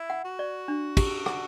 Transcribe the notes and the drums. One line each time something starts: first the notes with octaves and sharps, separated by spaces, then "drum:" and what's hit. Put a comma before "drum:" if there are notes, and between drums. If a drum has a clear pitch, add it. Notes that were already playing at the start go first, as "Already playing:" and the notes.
Already playing: E4
F#5
F#4
D5
D4
G4, drum: kick, cymbal
F#5, drum: rim click